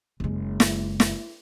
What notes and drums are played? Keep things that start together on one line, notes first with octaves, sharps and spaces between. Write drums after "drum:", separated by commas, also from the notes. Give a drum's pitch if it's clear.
F#1 G#3
drum: snare
drum: snare